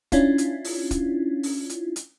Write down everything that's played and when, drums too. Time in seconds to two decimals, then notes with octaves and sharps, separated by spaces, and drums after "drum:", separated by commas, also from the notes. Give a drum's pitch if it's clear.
0.12 C#4 D4 E4 F4, drum: kick, hi-hat
0.38 drum: hi-hat
0.64 drum: open hi-hat
0.91 drum: kick, hi-hat
1.43 drum: open hi-hat
1.70 drum: hi-hat
1.96 drum: hi-hat